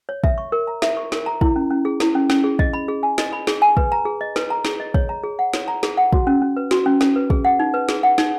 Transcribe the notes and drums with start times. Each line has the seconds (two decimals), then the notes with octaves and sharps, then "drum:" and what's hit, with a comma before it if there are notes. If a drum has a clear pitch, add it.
0.09 C#5
0.24 E5, drum: kick
0.38 C#6
0.52 A#4
0.67 A#5
0.82 E5, drum: snare
0.97 C#6
1.12 A#4, drum: snare
1.26 A#5
1.41 E4, drum: kick
1.56 C#4
1.71 C#4
1.85 G#4
2.00 E4, drum: snare
2.15 C#4
2.30 C#4, drum: snare
2.44 G#4
2.59 D#5, drum: kick
2.73 B5
2.88 G#4
3.03 G#5
3.18 D#5, drum: snare
3.33 B5
3.47 G#4, drum: snare
3.62 G#5
3.77 B4, drum: kick
3.92 A#5
4.05 G#4
4.21 D#5
4.36 B4, drum: snare
4.50 A#5
4.65 G#4, drum: snare
4.80 D#5
4.94 C#5, drum: kick
5.09 A#5
5.23 G#4
5.39 F#5
5.54 C#5, drum: snare
5.68 A#5
5.83 G#4, drum: snare
5.97 F#5
6.13 F#4, drum: kick
6.27 C#4
6.42 C#4
6.57 B4
6.71 F#4, drum: snare
6.86 C#4
7.01 C#4, drum: snare
7.16 B4
7.30 G#4, drum: kick
7.45 F#5
7.59 D#4
7.74 B4
7.89 G#4, drum: snare
8.03 F#5
8.18 D#4, drum: snare